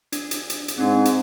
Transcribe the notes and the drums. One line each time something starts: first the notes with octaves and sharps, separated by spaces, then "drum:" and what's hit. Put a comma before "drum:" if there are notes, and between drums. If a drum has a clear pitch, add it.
D4, drum: hi-hat
drum: hi-hat
drum: hi-hat
drum: hi-hat
G#2 C4 D4
drum: hi-hat